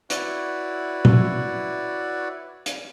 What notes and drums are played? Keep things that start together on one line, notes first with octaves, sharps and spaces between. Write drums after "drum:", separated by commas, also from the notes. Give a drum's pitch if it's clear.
E4 F#4 B4 C#5 D5, drum: hi-hat
drum: tom A#2
drum: hi-hat